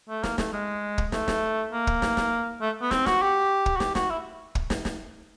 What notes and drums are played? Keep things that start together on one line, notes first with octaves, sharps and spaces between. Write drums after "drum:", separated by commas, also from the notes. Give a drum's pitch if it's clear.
A3
A#3, drum: snare
A3, drum: snare
G#3
drum: kick
A3, drum: snare
drum: snare
A#3
drum: kick
drum: snare
drum: snare
A3
B3
C4, drum: snare
F#4, drum: snare
G4
drum: kick
F#4
G4, drum: snare
F#4, drum: snare
E4
drum: kick
drum: snare
drum: snare